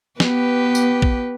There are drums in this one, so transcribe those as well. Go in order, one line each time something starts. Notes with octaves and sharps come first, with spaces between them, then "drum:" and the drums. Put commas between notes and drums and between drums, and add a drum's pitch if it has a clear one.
B3 G4 B4, drum: snare
drum: tambourine
drum: kick A#1